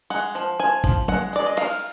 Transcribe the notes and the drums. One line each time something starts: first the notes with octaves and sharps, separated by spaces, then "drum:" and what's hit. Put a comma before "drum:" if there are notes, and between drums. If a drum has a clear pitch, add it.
G#3 F#5
F3
F3 G#5
F3, drum: kick G#1
G#3 F#5, drum: tom F#3
G#3 D5
D#5
D#4 F5, drum: cymbal